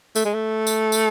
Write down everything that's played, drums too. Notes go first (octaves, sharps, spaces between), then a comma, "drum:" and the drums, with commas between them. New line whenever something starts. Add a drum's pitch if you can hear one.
A3, drum: tambourine
G#3
A3
drum: tambourine
drum: tambourine